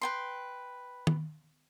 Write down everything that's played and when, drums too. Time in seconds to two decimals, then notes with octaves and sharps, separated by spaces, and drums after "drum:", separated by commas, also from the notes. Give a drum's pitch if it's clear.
0.01 B4 G5 C6
1.07 drum: tom